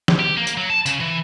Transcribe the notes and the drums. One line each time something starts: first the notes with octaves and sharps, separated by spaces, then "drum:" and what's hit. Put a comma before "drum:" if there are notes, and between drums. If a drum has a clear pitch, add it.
drum: snare
G4
A#3
drum: tambourine
F#3
A5
C#3, drum: tambourine
E3